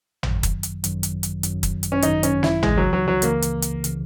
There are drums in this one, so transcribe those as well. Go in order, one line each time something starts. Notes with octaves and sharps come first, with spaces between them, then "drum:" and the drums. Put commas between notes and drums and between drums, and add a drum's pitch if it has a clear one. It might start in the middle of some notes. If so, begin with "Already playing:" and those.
G#1 F#2 D#3 F#3, drum: tom
drum: kick, hi-hat
drum: hi-hat
G#1 F#2 D#3 F#3, drum: hi-hat
drum: hi-hat
drum: hi-hat
G#1 F#2 D#3 F#3, drum: hi-hat
drum: kick, hi-hat
drum: hi-hat
C#4
G#1 F#2 D#3 F#3 D#4, drum: hi-hat
C#4, drum: hi-hat
E4, drum: snare
C#2 C#3 E3 G#3, drum: tom
F#3
F#3
F#3
C#2 C#3 E3 A#3, drum: hi-hat
drum: hi-hat
drum: hi-hat
C#3 E3, drum: hi-hat